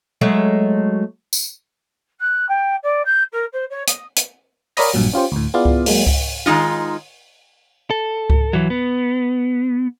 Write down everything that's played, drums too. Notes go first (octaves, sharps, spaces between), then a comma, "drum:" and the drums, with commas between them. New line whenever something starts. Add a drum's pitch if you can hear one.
F#3 G#3 A3
drum: tambourine
F#6
G5
D5
G6
A#4
C5
C#5
D#6, drum: hi-hat
drum: hi-hat
A#4 C#5 D5 B5 D#6 A#6, drum: open hi-hat
A#1 G2 A#2 F#3
C#4 F4 G4 C5
D2 A2
B3 E4 F4 G#4 D5 F5
drum: kick C#2
F#3 G#3 A#3, drum: open hi-hat
drum: kick C#2
D#3 G#3 D#4 F4
A4
drum: kick C#2
E3 F#3
B3